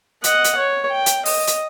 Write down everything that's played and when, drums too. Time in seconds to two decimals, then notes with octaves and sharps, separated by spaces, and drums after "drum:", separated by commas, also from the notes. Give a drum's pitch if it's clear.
0.24 D#5 F#5, drum: hi-hat
0.44 drum: hi-hat
0.57 C#5
0.91 G5
1.06 drum: hi-hat
1.25 D#5, drum: open hi-hat
1.47 drum: hi-hat